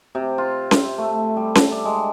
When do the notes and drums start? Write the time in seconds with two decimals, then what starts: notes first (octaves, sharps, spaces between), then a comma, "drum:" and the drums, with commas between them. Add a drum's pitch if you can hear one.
0.15 C3
0.38 F4
0.71 E5, drum: snare C#4
0.98 A3
1.37 G3
1.55 A5, drum: snare C#4
1.72 D4
1.85 G#3